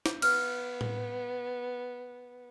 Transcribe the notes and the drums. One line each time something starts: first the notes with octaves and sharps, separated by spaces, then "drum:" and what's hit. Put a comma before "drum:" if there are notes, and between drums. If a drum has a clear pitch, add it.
drum: snare
B3 F6, drum: cymbal
drum: tom A2